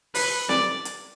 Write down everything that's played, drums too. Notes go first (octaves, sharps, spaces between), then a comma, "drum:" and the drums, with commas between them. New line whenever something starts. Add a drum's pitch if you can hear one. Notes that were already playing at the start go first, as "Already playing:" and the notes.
B4, drum: open hi-hat
D5, drum: snare
drum: hi-hat